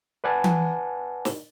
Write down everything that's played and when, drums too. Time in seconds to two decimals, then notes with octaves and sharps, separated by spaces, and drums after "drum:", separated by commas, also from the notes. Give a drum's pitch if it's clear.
0.24 B4 D5 F#5 G#5 A5
0.44 drum: tom E3
1.25 drum: snare